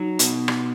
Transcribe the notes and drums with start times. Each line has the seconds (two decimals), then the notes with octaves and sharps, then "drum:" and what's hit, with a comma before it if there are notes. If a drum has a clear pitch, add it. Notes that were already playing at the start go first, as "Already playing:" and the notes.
Already playing: F#3 D#4
0.19 B2, drum: hi-hat
0.48 drum: rim click